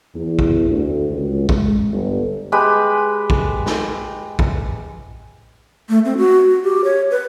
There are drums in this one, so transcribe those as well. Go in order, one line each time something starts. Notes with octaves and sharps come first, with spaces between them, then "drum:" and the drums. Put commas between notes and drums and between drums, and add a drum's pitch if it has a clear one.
E2
drum: kick A1
D2
C#2
G#3, drum: kick A1
G1
G#3 G4 B4 B5
drum: kick A1
drum: snare
drum: kick A1
A3
C4
F#4
F#4
G4
C#5
B4